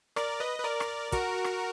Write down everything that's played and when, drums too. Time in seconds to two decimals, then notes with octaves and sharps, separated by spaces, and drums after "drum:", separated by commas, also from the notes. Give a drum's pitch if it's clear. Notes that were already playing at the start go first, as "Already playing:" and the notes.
0.16 A#4 D5, drum: rim click
0.40 B4 D#5
0.59 B4
0.64 A#4 D5
0.80 drum: rim click
1.12 F#4 A#4, drum: kick, hi-hat
1.44 drum: rim click